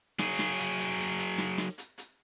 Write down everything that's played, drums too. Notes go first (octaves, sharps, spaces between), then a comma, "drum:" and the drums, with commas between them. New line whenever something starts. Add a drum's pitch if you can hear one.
F#3 G#4, drum: snare
drum: snare
drum: hi-hat
drum: hi-hat
drum: hi-hat
drum: hi-hat
drum: snare
drum: snare
drum: hi-hat
drum: hi-hat